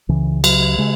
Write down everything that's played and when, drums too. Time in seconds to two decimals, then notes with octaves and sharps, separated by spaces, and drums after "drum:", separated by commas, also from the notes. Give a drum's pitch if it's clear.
0.09 C#2 C#3 E3
0.44 F#3, drum: cymbal
0.78 C#3 G#3